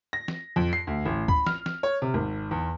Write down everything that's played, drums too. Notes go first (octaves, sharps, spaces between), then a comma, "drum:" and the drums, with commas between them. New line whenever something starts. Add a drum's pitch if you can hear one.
A#6
drum: snare
F2
C7
D2
A1
B5, drum: kick D2
F6, drum: snare
drum: snare
C#5
C3
G#1
E2